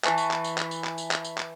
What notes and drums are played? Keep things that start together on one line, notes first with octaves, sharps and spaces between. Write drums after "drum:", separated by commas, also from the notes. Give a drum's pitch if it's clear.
E3 B4 A5 C#6, drum: clap
drum: tambourine
drum: clap
drum: tambourine
drum: clap
drum: tambourine
drum: clap
drum: tambourine
drum: clap
drum: tambourine
drum: clap